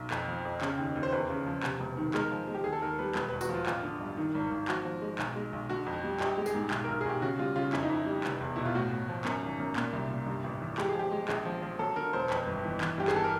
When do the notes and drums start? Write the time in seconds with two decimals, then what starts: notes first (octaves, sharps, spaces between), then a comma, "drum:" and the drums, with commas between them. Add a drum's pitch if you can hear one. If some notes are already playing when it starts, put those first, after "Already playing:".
Already playing: B1
0.11 F2, drum: clap
0.28 F3
0.45 F2
0.61 C#3, drum: clap
0.79 D#2
0.96 D#2
1.03 C5
1.12 E2 B4
1.30 C#3
1.46 F3
1.63 C3, drum: clap
1.80 E1
1.97 D#3
2.14 G#3 A#4, drum: clap
2.31 F3
2.48 G#3
2.54 G4
2.64 D#2 G#4
2.73 A4
2.82 D#2 A#4
2.99 G3 B4
3.15 E1 B4, drum: clap
3.28 E2 B4
3.41 F#4, drum: tambourine
3.49 F3 F4
3.66 A1 F4, drum: clap
3.83 D3
4.00 G2
4.17 D#3
4.35 G#1
4.51 G#1
4.68 F3 F#4, drum: clap
4.85 F3
5.02 G#3
5.19 B1, drum: clap
5.36 G#3
5.53 B1
5.69 D3 F#4
5.86 F2
6.04 G3
6.20 A#1 G4, drum: clap
6.37 G#3
6.46 G#4, drum: tambourine
6.55 G#2
6.71 B1, drum: clap
6.84 B1 A#4
7.01 G#4
7.05 B1 G4
7.22 C#3 F#4
7.39 G3 F4
7.56 C#3 F4
7.73 F2 E4, drum: clap
7.83 D#4
7.90 F2 E4
8.06 G3
8.24 F1, drum: clap
8.41 E2
8.56 B2 E4
8.65 F4
8.75 A2 F#4
8.91 A2
9.09 F3
9.25 F#2, drum: clap
9.42 G#1
9.60 F#2
9.76 A#2, drum: clap
9.93 C2
10.10 A#2
10.27 G2
10.44 A1
10.61 E3
10.78 G#3 G4, drum: clap
10.89 G#4
10.95 F3 G4
11.11 G#3
11.29 A#1 G#4, drum: clap
11.45 F3
11.62 F3
11.79 F#3 A4
11.96 D3 A#4
12.13 E1 C5
12.30 F2 B4, drum: clap
12.47 G1
12.64 E3
12.81 E3, drum: clap
12.98 G2 G4
13.08 G#4, drum: clap
13.15 E3 A4
13.24 A#4